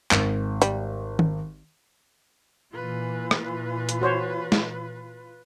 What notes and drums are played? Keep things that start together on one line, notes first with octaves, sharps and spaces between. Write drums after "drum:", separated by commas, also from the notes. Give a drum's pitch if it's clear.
G#1, drum: clap
G3, drum: hi-hat
drum: tom D#3
A#2 E3 F4 B4
drum: rim click
drum: hi-hat
F#4 C5 C#5
drum: snare